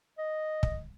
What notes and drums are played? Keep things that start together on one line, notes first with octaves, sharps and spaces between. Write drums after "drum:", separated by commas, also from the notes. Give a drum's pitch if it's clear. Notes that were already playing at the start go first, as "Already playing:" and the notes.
D#5
drum: kick